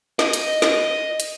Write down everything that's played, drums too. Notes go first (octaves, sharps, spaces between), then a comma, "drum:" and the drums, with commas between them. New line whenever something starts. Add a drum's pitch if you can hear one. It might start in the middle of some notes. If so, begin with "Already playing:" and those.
D#5, drum: snare
drum: hi-hat
drum: snare
drum: hi-hat